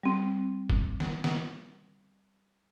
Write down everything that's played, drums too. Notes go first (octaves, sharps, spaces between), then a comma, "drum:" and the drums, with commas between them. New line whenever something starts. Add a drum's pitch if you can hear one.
G3 C4
drum: kick
drum: snare
drum: snare